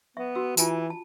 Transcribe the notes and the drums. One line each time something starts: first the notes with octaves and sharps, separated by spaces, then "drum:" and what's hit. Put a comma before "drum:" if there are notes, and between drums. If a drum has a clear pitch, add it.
B3 E5 C#6
F#4 E6
E3 F4 G#5 A5, drum: tambourine
A5